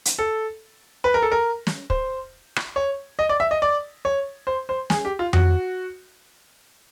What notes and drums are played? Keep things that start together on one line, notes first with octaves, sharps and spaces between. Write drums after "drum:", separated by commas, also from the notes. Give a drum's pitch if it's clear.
drum: hi-hat
A4
B4
A#4
A4
A#4
drum: snare
C5, drum: kick
drum: rim click
C#5
D#5
D5
E5
D#5
D5
C#5
C5
C5
G#4, drum: snare
G4
F4
F#4, drum: tom F2